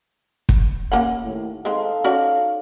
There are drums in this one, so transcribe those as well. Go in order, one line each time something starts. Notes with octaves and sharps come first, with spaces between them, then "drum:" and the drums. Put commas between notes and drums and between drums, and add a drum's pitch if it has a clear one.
drum: kick
A#3 C#4 F#5
D#2 A2
G#3 C4 D#4 A4 F5
C#4 F#4 D5